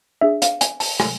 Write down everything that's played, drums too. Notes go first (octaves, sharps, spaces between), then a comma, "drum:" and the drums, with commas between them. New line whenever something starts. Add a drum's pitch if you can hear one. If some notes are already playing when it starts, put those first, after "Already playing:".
D4 G#4 E5
F5, drum: hi-hat
G#5, drum: hi-hat
A5, drum: open hi-hat
G#5, drum: rim click